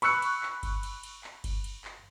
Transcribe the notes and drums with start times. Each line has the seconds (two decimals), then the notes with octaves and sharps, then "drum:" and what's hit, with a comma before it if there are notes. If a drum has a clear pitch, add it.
0.02 B5 C#6 E6 F#6 C#7, drum: cymbal
0.22 drum: cymbal
0.43 drum: clap
0.63 drum: kick G1, cymbal
0.83 drum: cymbal
1.03 drum: cymbal
1.24 drum: clap
1.44 drum: kick G1, cymbal
1.64 drum: cymbal
1.85 drum: clap